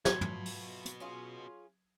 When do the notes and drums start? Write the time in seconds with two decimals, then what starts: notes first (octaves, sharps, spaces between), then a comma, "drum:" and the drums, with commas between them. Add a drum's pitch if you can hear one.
0.05 F#3 A3 F4 F#4 B4 G#6, drum: snare
0.21 drum: tom
0.46 drum: open hi-hat
0.85 drum: hi-hat
1.00 C#4 F4 G#4